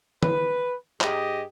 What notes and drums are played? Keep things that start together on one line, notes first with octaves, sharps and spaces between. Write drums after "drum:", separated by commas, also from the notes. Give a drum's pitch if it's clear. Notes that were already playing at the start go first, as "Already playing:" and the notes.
B4, drum: tom
G2 G4 G#4 D#5, drum: clap